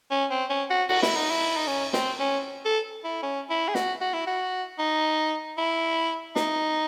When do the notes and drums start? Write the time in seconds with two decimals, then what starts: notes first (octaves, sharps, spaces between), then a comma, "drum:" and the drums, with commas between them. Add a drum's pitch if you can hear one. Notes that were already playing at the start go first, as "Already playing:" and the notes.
0.11 C#4
0.31 C4
0.50 C#4
0.70 F#4
0.89 F#4, drum: cymbal
1.03 E4, drum: snare
1.16 D#4
1.31 E4
1.57 D#4
1.67 C#4
1.93 C4, drum: snare
2.20 C#4
2.65 A4
3.04 E4
3.23 C#4
3.50 E4
3.68 G#4
3.75 F#4, drum: snare
4.01 F#4
4.14 E4
4.27 F#4
4.79 D#4
5.58 E4
6.36 D#4, drum: snare